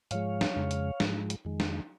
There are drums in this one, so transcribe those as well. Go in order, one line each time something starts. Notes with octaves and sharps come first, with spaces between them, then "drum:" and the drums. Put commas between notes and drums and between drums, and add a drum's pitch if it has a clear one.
G#2 F3 G#3 C#5 F5, drum: hi-hat
drum: snare
F2 C#3 G#3
drum: hi-hat
G#2 F3 G#3, drum: snare
drum: hi-hat
F2 D#3 G#3
drum: snare